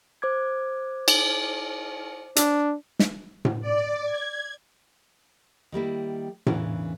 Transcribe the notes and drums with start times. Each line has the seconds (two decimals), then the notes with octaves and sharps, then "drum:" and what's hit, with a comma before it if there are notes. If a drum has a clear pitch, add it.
0.22 C5 D6 G#6
1.08 drum: cymbal
2.36 D4, drum: hi-hat
2.99 drum: snare
3.45 drum: tom A2
3.61 D5
4.04 G#6
5.72 D#3 G3 A#3 E4
6.46 E2 C#3 E3 D4 A#4, drum: tom A2